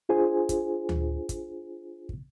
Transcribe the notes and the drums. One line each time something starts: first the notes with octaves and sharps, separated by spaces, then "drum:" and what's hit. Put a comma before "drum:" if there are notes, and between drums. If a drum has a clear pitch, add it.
D4 F4 G#4 C5 G#5
drum: kick, hi-hat
drum: tom D2
drum: kick, hi-hat
drum: kick